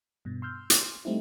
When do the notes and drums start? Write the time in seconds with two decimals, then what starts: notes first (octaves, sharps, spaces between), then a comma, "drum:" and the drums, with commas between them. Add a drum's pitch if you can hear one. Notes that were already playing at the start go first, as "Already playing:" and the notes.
0.25 G2 B2
0.42 C6 E6 F6 G6
0.70 drum: hi-hat
1.05 G3 A3 C4 D#4 E4